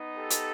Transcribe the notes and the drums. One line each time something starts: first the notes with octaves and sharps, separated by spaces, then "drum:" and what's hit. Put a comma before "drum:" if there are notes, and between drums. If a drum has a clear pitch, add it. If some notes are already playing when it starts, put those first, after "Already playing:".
Already playing: B3 D#4
G4 A4
drum: hi-hat